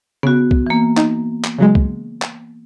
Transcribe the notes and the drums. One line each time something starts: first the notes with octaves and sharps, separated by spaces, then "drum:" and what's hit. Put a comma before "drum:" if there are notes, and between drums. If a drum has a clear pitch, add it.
C#3 B3 F#4
drum: kick C2
E3 A#3
D#4, drum: clap
drum: clap
C#3 F#3 G#3
drum: kick C2
drum: clap